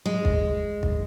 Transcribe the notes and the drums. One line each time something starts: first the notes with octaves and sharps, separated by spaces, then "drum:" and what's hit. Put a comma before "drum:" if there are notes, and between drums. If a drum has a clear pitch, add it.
G#3
drum: kick
drum: kick